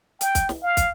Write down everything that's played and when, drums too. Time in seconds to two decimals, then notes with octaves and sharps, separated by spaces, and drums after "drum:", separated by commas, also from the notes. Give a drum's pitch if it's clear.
0.21 G5, drum: hi-hat
0.35 drum: kick, hi-hat
0.49 drum: snare
0.63 F5
0.77 drum: kick, hi-hat